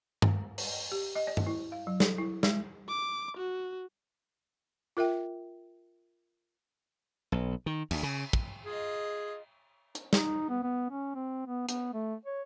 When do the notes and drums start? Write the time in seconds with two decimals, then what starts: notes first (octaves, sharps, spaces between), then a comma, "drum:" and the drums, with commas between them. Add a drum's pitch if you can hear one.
0.22 drum: tom G2
0.58 drum: open hi-hat
0.92 G4
1.15 D#5
1.27 D5
1.37 drum: tom G2
1.47 E4
1.72 F5
1.87 F#3
2.00 A4, drum: snare
2.18 E4
2.43 G#3, drum: snare
2.89 D6
3.38 F#4
4.97 F4 A#4 E5 G5
7.32 B1
7.66 D#3
7.91 D2, drum: cymbal
8.03 C#3
8.33 drum: kick
8.65 F4 G#4 D#5
9.95 drum: hi-hat
10.13 D#4, drum: snare
10.49 B3
10.63 B3
10.91 C#4
11.15 C4
11.46 B3
11.69 B3, drum: hi-hat
11.94 A3
12.26 C#5